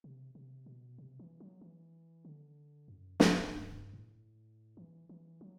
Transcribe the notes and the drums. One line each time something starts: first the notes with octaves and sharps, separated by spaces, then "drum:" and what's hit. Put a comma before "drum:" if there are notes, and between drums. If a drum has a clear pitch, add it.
C3
C3
B2
C3
E3
F#3
E3
D3
F#2
F#2, drum: snare
F#2
G2
G2
A2
E3
E3
F#3